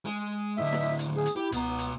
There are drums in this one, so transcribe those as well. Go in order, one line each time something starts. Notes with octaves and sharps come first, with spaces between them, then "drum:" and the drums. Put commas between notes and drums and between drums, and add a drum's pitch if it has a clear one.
G#3 G#4
A2 D3 D#5 E5
drum: snare
drum: hi-hat
G#4
drum: hi-hat
E4 G4
C#2 B2 B3 A#5, drum: hi-hat
drum: hi-hat